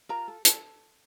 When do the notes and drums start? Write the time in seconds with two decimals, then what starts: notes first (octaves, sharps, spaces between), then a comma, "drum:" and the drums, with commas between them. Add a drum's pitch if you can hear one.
0.09 F4 A#4 A#5
0.28 A4
0.45 A4, drum: hi-hat